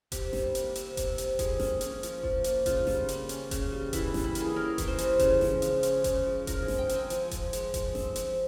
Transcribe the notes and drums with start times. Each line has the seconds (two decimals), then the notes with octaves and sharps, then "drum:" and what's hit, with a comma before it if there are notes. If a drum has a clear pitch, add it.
0.12 C3 G4, drum: kick F1, hi-hat
0.33 G3, drum: snare G1
0.55 A#3, drum: hi-hat
0.75 C3, drum: hi-hat
0.97 C3, drum: kick F1, hi-hat
1.18 G3, drum: hi-hat
1.39 F3 G#4, drum: kick F1, hi-hat
1.60 A#3, drum: snare G1
1.81 C#4, drum: hi-hat
2.03 F3, drum: hi-hat
2.23 F3, drum: kick F1
2.44 A#3, drum: hi-hat
2.66 C#3 F4, drum: kick F1, hi-hat
2.87 G3, drum: snare G1
3.09 A#3, drum: hi-hat
3.29 C#4, drum: hi-hat
3.51 C#3, drum: kick F1, hi-hat
3.72 G3
3.93 E3 E4, drum: kick F1, hi-hat
4.14 G3, drum: snare G1
4.24 E4
4.35 A#3, drum: hi-hat
4.40 G#4
4.56 C#4 A#4
4.78 E3, drum: kick F1, hi-hat
4.88 C5
4.98 G3, drum: hi-hat
5.19 C#3, drum: kick F1, hi-hat
5.41 F3, drum: snare G1
5.62 G#3, drum: hi-hat
5.83 C#4, drum: hi-hat
6.04 C#3, drum: kick F1, hi-hat
6.26 F3
6.47 F3 A#4, drum: kick F1, hi-hat
6.62 G#4
6.68 G#3, drum: snare G1
6.78 G5
6.89 C4 G#5, drum: hi-hat
7.10 F3 G#5, drum: hi-hat
7.31 F3, drum: kick F1, hi-hat
7.53 G#3, drum: hi-hat
7.74 F3, drum: kick F1, hi-hat
7.95 C4, drum: snare G1
8.16 F3, drum: hi-hat